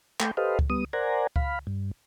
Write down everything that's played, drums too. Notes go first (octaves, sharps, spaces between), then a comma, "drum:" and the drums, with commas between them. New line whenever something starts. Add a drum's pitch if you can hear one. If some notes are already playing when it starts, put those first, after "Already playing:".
A3 G5, drum: clap
G4 A4 B4 C5 D#5 F5
drum: kick C#2
G3 B3 D#6
A#4 C5 D5 F#5 G#5 A#5
F5 B5, drum: kick C#2
G2